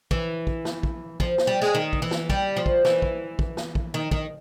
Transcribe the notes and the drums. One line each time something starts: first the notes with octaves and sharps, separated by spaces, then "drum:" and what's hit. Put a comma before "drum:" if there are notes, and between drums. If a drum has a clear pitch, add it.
E3, drum: kick
drum: kick
drum: snare
drum: kick
F3, drum: kick
drum: snare
G3
G#3
D#3
drum: kick
E3
drum: snare
G3, drum: kick
F3
drum: kick
E3, drum: snare
drum: kick
drum: kick
drum: snare
drum: kick
D#3
D#3, drum: kick